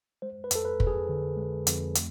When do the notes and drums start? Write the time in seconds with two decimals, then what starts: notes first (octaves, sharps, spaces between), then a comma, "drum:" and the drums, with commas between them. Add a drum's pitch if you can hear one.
0.22 G#3 C5
0.44 B4
0.51 F2 A4, drum: hi-hat
0.65 B4
0.80 F2, drum: kick
0.87 G#4
1.09 D3
1.37 G#3
1.67 F2, drum: hi-hat
1.95 A3, drum: hi-hat